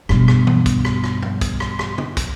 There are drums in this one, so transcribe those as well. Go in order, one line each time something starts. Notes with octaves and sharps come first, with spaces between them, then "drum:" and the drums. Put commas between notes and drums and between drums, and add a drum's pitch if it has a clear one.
G2 B2, drum: rim click
drum: rim click
drum: tom E3
drum: kick, hi-hat
drum: rim click
drum: rim click
drum: tom G2
drum: kick, hi-hat
drum: rim click
drum: rim click
drum: tom
drum: kick, hi-hat